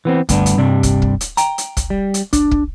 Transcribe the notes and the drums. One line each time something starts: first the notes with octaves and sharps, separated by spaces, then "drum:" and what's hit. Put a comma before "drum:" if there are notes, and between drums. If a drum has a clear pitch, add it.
E3 B3 C4
D2 G2 B3 D4, drum: kick, hi-hat
drum: hi-hat
G2 C3 G3 D4
drum: kick, hi-hat
drum: kick
drum: hi-hat
G5 A#5, drum: hi-hat
drum: hi-hat
drum: kick, hi-hat
G3
drum: hi-hat
D4, drum: kick, hi-hat
drum: kick